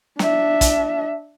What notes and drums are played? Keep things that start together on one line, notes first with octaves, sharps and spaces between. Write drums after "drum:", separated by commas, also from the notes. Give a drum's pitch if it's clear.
D4 E5, drum: snare
drum: kick, hi-hat